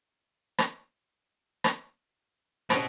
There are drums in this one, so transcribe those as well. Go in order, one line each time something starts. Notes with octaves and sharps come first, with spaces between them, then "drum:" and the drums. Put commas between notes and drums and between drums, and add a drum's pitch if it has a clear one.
drum: rim click
drum: rim click
B2 C4 C#4, drum: rim click